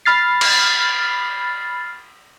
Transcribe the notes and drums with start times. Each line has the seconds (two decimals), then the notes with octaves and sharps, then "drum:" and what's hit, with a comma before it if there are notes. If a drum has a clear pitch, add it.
0.05 B5 F6 A6 C7
0.41 drum: cymbal